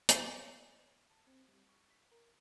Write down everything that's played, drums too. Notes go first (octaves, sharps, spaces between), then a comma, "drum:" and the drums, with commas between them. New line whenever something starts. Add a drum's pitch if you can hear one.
drum: hi-hat
A5
C4
G3
C#6
B6
A#4